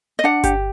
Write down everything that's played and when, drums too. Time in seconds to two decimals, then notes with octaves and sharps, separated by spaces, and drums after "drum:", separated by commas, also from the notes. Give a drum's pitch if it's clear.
0.19 D#5
0.24 D4 F#5
0.44 G4, drum: kick G1, hi-hat